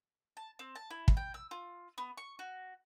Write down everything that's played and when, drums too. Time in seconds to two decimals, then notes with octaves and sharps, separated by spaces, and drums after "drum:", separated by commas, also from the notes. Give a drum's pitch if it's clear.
0.37 A5
0.59 C4
0.76 A5
0.90 E4
1.08 drum: kick
1.17 G5
1.34 E6
1.51 F4
1.98 B3
2.18 C#6
2.39 F#4